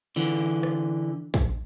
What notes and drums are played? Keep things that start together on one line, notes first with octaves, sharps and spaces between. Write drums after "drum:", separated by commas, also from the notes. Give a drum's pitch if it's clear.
D3 E3
drum: rim click
drum: kick